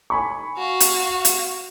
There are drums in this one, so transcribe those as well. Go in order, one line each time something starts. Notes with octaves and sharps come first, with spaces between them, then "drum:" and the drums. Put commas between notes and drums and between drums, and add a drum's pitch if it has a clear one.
G#5 B5 C#6
F#4 F5
drum: hi-hat
drum: hi-hat